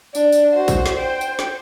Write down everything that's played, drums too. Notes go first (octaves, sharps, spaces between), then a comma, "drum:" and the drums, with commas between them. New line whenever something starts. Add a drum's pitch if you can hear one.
D4, drum: tambourine
drum: tambourine
F#4 C5
drum: kick A#1, tambourine
drum: snare
G5
drum: tambourine
drum: snare